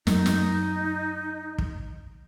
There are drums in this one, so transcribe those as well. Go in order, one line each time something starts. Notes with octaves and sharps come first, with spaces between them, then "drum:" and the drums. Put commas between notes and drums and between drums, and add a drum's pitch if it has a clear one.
F#2 D#4, drum: snare
drum: snare
drum: kick